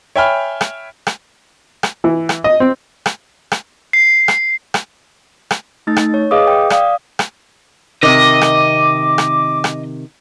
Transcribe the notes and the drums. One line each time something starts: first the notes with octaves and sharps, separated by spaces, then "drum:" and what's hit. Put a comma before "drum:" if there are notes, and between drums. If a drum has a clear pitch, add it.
C#5 E5 G5 G#5 B5 F6
drum: rim click
drum: rim click
drum: rim click
E3
drum: rim click
D#5
C4
drum: rim click
drum: rim click
C7
drum: rim click
drum: rim click
drum: rim click
A3 D#4 A6
drum: rim click
C#5
G#4 B4 D#5 F5 D6 D#6
G5
D5 F5 D#6, drum: rim click
drum: rim click
C3 D#3 D#5 D6
drum: rim click
drum: rim click
drum: rim click